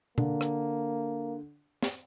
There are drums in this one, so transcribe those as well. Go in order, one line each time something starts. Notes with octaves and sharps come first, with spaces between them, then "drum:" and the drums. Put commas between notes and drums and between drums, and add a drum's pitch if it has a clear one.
D3 A#3, drum: tom B2
drum: rim click
drum: snare